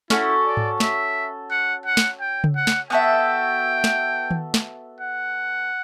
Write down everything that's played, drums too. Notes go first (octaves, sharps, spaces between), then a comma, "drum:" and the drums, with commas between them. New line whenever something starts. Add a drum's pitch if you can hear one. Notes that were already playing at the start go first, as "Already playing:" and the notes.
C#4 E4 F#4 A4, drum: snare
D5
drum: tom G#2
E5, drum: snare
F#5
F#5
drum: snare
G5
drum: tom C#3
F#5
drum: snare
B3 F#4 A4 E5 G5
drum: snare
drum: tom D#3
drum: snare
F#5